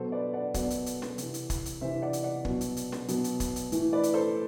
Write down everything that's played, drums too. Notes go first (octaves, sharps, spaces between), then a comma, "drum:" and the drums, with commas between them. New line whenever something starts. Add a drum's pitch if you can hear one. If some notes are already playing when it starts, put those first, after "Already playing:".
Already playing: B2 F#3 A4 C5
B4 D5
D5 F#5
B2 F#3 D5 F#5, drum: kick, hi-hat
drum: hi-hat
drum: hi-hat
drum: snare
C3 E3, drum: hi-hat
drum: hi-hat
drum: kick, hi-hat
drum: hi-hat
C3 E3 C5 E5
D5 F#5
drum: hi-hat
D5 F#5
B2 F#3, drum: kick
drum: hi-hat
drum: hi-hat
drum: snare
B2 F#3, drum: hi-hat
drum: hi-hat
drum: kick, hi-hat
drum: hi-hat
A2 E3, drum: hi-hat
B4 D5
drum: hi-hat
A4 C5